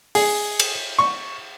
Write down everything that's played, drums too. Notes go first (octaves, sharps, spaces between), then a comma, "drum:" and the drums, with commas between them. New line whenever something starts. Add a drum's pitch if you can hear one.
G#4, drum: open hi-hat
drum: cymbal
C#6